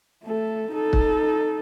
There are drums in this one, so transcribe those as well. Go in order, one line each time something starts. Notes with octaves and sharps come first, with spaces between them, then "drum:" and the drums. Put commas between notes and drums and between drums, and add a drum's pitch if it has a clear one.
A3 A4
D#4 A4
drum: kick